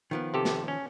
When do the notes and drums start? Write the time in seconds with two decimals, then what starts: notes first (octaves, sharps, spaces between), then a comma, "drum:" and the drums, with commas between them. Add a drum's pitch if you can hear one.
0.11 D#3 F3 B3
0.34 C3 G4 A4
0.45 drum: snare
0.68 C#4